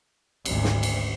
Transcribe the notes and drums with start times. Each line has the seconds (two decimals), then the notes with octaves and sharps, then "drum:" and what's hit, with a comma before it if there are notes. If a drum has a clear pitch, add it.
0.45 G#1 D2, drum: cymbal
0.64 drum: snare
0.83 drum: cymbal